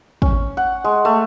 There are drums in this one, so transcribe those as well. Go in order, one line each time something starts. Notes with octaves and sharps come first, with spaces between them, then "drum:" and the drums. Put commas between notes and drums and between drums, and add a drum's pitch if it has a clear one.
C#4, drum: kick
F#5
G#3
A3